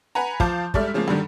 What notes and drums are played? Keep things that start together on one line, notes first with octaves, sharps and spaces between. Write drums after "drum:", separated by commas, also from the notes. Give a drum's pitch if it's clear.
B4 F#5 G#5 A#5
F3 F5 A5 D6 G6, drum: kick
G#2 G3 A4 D5 E5 F6, drum: kick
C#3 F3 G#3 A#3
G2 D3 D#3 G3